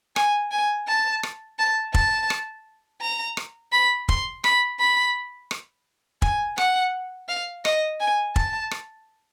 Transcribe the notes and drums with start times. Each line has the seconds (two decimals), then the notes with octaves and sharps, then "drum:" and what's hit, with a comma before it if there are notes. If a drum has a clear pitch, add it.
0.16 G#5, drum: rim click
0.51 G#5
0.88 A5
1.23 drum: rim click
1.59 A5
1.94 A5, drum: kick
2.30 drum: rim click
3.01 A#5
3.37 drum: rim click
3.73 B5
4.09 C6, drum: kick
4.44 B5, drum: rim click
4.80 B5
5.51 drum: rim click
6.22 G#5, drum: kick
6.58 F#5, drum: rim click
7.29 F5
7.65 D#5, drum: rim click
8.00 G#5
8.36 A5, drum: kick
8.71 drum: rim click